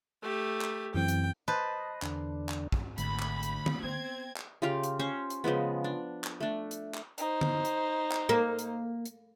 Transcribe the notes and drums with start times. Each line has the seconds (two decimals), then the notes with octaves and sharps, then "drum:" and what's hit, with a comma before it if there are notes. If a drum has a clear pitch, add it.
0.22 A3 G4
0.61 drum: clap
0.94 F#2 E3 C4 G5
1.08 drum: hi-hat
1.48 B4 C5 D#5 A5
2.02 E2 D3 D4, drum: clap
2.49 drum: clap
2.72 drum: kick
2.98 G#1 D2 B5, drum: hi-hat
3.19 drum: clap
3.43 drum: hi-hat
3.66 drum: tom D3
3.83 B3 C4 G#6
4.37 drum: clap
4.62 C#3 F4 G4 F5
4.83 drum: hi-hat
4.99 C#4 C5 C#6
5.30 drum: hi-hat
5.44 C#3 F3 G#3 B3
5.84 D4
6.24 drum: clap
6.41 A3 D4
6.71 drum: hi-hat
6.94 drum: clap
7.18 D#4 C5, drum: hi-hat
7.41 drum: tom D3
7.65 drum: hi-hat
8.12 drum: clap
8.29 A#3
8.59 drum: hi-hat
9.05 drum: hi-hat